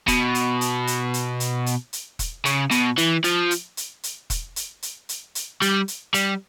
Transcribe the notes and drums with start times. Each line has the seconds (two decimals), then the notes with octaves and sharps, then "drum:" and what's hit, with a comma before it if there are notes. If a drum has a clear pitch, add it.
0.08 B2, drum: kick E1, hi-hat
0.35 drum: hi-hat
0.61 drum: hi-hat
0.87 drum: hi-hat
1.14 drum: hi-hat
1.40 drum: hi-hat
1.66 drum: hi-hat
1.93 drum: hi-hat
2.19 drum: kick E1, hi-hat
2.45 C#3, drum: hi-hat
2.71 B2, drum: hi-hat
2.98 E3, drum: hi-hat
3.24 F3, drum: hi-hat
3.51 drum: hi-hat
3.77 drum: hi-hat
4.03 drum: hi-hat
4.30 drum: kick E1, hi-hat
4.56 drum: hi-hat
4.83 drum: hi-hat
5.09 drum: hi-hat
5.35 drum: hi-hat
5.62 G3, drum: hi-hat
5.88 drum: hi-hat
6.14 G3, drum: hi-hat